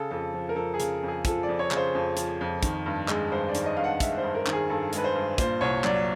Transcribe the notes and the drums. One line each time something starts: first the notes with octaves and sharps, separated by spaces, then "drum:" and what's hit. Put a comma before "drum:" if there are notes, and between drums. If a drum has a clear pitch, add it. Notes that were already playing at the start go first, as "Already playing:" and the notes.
Already playing: C#3 A4
F2 A4
F3
A#4
F2 A4
G#4
C#3, drum: hi-hat
F2
G#4
F3 A4, drum: kick, hi-hat
D5
F2
C#5
C#3, drum: clap
C5
F2
F3, drum: hi-hat
F2
D#3, drum: kick, hi-hat
G2
G#3, drum: clap
G2 C5
D5
D#3, drum: hi-hat
D#5
G2 F5
F#5
G#3 E5, drum: kick, hi-hat
C5
G2
A#4
D#3, drum: clap
G#4
G2 A4
G#3 B4, drum: hi-hat
C5
G2
A#2 C5, drum: kick, hi-hat
C2 C#5
F#3 D5, drum: clap